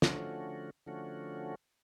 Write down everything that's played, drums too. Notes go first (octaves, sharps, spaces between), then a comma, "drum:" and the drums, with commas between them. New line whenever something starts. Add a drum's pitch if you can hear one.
D3 F3 A3 C#4 F#4, drum: snare
D3 F3 A3 C#4 F#4